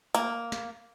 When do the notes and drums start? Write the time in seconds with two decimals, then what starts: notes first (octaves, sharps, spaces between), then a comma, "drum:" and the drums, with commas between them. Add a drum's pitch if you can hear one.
0.15 A#3, drum: hi-hat
0.52 drum: snare